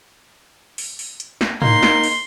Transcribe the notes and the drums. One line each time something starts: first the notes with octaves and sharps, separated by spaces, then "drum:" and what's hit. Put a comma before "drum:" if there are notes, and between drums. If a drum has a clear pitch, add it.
drum: open hi-hat
drum: open hi-hat
drum: hi-hat
drum: snare
A#3 D#4 C6, drum: tom G#2
drum: snare
drum: open hi-hat